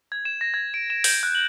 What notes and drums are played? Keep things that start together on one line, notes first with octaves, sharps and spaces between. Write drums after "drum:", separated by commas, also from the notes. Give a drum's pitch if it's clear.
G#6
E7
A#6
G#6
D7
E7
G6, drum: open hi-hat
F#6
F#7